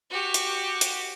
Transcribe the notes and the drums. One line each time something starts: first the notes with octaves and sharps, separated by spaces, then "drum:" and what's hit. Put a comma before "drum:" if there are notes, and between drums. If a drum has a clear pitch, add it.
F#4 G4
drum: hi-hat
drum: hi-hat